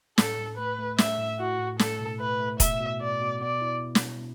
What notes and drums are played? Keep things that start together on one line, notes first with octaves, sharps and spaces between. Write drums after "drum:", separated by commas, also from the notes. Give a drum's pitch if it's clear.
A2 A4, drum: snare
A2
A3 B4
A3
A3 E5, drum: snare
A2
E4 F#4
A2
A3 A4, drum: snare
B2
A3 B4
A3
B2 E5, drum: kick E1, hi-hat
B2
B2 D5
B2
B3 D5
E4
drum: snare